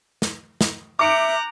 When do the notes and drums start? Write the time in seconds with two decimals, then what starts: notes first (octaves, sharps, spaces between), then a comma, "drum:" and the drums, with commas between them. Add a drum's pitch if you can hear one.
0.22 drum: snare
0.61 drum: snare
0.99 E5 A#5 D6 F#6 G6 C#7 D7